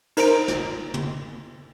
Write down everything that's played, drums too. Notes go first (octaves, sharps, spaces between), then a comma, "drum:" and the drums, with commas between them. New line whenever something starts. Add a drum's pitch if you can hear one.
D#4 A#4 C5 A#5 D7, drum: cymbal
drum: snare
drum: tom